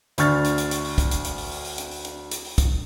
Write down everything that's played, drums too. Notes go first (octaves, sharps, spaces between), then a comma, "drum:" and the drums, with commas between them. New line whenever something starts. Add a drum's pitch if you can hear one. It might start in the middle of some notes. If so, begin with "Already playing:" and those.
D2 D4 C#6 F6 A6, drum: hi-hat
drum: hi-hat
drum: hi-hat
drum: hi-hat
drum: open hi-hat
drum: kick, hi-hat
drum: hi-hat
drum: hi-hat
drum: open hi-hat
drum: open hi-hat
drum: open hi-hat
drum: hi-hat
drum: open hi-hat
drum: hi-hat
drum: hi-hat
drum: open hi-hat
drum: kick, hi-hat